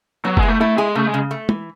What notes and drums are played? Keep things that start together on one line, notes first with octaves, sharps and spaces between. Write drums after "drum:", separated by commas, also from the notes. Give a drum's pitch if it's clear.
F#3 B3
G#3, drum: kick
E4
A3
A3 E4
G#3 G#4
C#3 A3
G#3
C#3
A3
E3, drum: tom